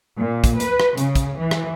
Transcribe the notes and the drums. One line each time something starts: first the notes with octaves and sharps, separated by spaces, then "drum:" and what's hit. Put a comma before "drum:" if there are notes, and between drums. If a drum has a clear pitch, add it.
A#2
drum: kick, hi-hat
B4, drum: hi-hat
drum: rim click
C#3, drum: hi-hat
drum: kick, hi-hat
E3
drum: rim click